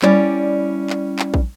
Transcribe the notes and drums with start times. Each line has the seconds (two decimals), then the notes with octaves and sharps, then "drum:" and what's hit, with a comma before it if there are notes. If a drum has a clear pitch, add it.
0.02 G3 C#4 E4 D5, drum: clap
0.90 drum: clap
1.19 drum: clap
1.34 drum: kick